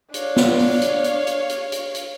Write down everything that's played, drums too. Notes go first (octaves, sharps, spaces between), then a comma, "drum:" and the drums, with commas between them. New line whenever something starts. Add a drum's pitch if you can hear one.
D4 C#5 F5, drum: hi-hat
drum: snare B3
drum: open hi-hat
drum: hi-hat
drum: hi-hat
drum: hi-hat
drum: hi-hat
drum: hi-hat
drum: hi-hat